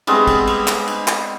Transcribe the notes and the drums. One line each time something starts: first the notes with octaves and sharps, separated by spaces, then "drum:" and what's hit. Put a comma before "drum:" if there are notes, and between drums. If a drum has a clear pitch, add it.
G3 G#3 B3 C4, drum: cymbal
drum: kick, cymbal
drum: cymbal
drum: clap
drum: cymbal
drum: clap